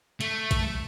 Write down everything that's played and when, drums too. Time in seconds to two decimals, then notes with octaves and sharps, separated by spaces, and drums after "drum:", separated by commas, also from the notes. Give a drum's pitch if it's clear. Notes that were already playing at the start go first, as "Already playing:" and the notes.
0.21 A3, drum: hi-hat
0.51 drum: kick A1, hi-hat